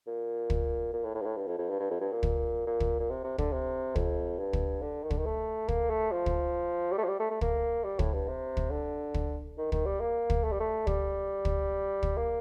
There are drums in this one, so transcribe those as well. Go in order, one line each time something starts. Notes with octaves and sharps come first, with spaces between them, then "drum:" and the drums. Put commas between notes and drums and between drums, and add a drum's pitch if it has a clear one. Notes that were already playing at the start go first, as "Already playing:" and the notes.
A#2
drum: kick
A#2
A2
A2
G2
A2
G2
F2
F2
G2
G2
F2
G2
A#2
drum: kick
A#2
drum: kick
A#2
C3
C3
D3, drum: kick
C3
F2, drum: kick
G2
drum: kick
D3
D#3
D3, drum: kick
D#3
A3
A#3, drum: kick
A3
F3
drum: kick
G3
A3
F3
G3
A3
A3
A#3, drum: kick
G3
A2, drum: kick
G2
C3
drum: kick
D3
drum: kick
D#3
D#3, drum: kick
G3
A#3
drum: kick
A3
G3
A3
G3, drum: kick
drum: kick
drum: kick
A#3